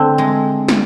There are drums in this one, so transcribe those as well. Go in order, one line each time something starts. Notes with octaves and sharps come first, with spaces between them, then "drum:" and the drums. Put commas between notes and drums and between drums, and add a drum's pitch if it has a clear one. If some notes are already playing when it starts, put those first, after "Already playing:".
Already playing: D3 C4
G#3
drum: snare